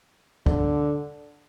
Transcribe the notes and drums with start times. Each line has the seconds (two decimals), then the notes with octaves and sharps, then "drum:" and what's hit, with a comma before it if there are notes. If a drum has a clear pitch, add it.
0.46 D3, drum: kick C#2